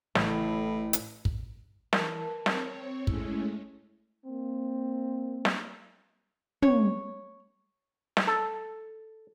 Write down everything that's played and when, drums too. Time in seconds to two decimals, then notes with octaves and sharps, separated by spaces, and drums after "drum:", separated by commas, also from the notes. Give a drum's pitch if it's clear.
0.15 A1 A2, drum: snare
0.93 drum: hi-hat
1.25 drum: kick
1.93 E3 A#4 A5, drum: snare
2.46 C4 C#5, drum: snare
3.07 G#3 A3 C#4 E4, drum: kick
4.26 A#3 C4
5.45 drum: snare
6.62 C#5, drum: tom
8.17 drum: snare
8.27 A4